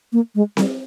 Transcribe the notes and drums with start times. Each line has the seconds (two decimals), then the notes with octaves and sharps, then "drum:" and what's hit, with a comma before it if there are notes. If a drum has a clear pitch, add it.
0.13 A#3
0.35 G#3
0.57 G3, drum: snare C4